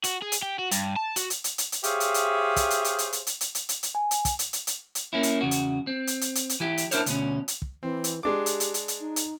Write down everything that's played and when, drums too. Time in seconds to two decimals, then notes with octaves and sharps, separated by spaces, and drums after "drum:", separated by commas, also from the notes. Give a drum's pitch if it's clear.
0.04 F#4, drum: hi-hat
0.22 G#4
0.32 drum: hi-hat
0.42 G4
0.59 F#4
0.71 G2, drum: hi-hat
0.96 A5
1.16 F#4, drum: hi-hat
1.30 drum: hi-hat
1.44 drum: hi-hat
1.58 drum: hi-hat
1.72 drum: hi-hat
1.84 G4 G#4 C5 C#5 E5 F5, drum: hi-hat
2.00 drum: hi-hat
2.14 drum: hi-hat
2.56 drum: kick, hi-hat
2.70 drum: hi-hat
2.84 drum: hi-hat
2.98 drum: hi-hat
3.13 drum: hi-hat
3.27 drum: hi-hat
3.41 drum: hi-hat
3.55 drum: hi-hat
3.69 drum: hi-hat
3.83 drum: hi-hat
3.95 G#5
4.11 drum: hi-hat
4.25 drum: kick, hi-hat
4.39 drum: hi-hat
4.53 drum: hi-hat
4.67 drum: hi-hat
4.95 drum: hi-hat
5.13 A#3 C#4 E4
5.23 drum: hi-hat
5.41 E2 C#3 F#4
5.51 drum: hi-hat
5.87 C4
6.07 drum: hi-hat
6.21 drum: hi-hat
6.35 drum: hi-hat
6.49 drum: hi-hat
6.60 E3 E4 G4
6.78 drum: hi-hat
6.91 D4 E4 F4 A#4 C5 C#5, drum: hi-hat
7.06 D2 B2 C#4, drum: hi-hat
7.48 drum: hi-hat
7.62 drum: kick
7.83 E3 C4
8.04 drum: hi-hat
8.23 G#3 D4 G4 D6
8.46 drum: hi-hat
8.60 drum: hi-hat
8.74 drum: hi-hat
8.88 drum: hi-hat
9.00 D#4
9.16 drum: hi-hat